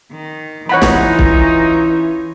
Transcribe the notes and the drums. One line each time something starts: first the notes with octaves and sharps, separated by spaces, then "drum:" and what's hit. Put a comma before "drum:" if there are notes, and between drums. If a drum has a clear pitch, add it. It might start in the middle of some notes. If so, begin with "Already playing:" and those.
D#3
E3 C#4 D#4 F4 C#5 F#5 B5
drum: snare
drum: kick